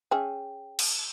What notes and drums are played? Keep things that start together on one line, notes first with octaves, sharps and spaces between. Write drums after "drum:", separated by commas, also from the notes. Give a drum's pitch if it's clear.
C#4 G#4 E5 G5
drum: cymbal